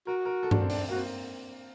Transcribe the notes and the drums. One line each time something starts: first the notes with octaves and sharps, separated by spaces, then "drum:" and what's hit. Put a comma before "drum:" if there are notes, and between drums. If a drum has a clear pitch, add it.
F#4 A#4
A#4
A4
D4, drum: tom G2
C4
D4, drum: open hi-hat
C4
A#3 F#4
C4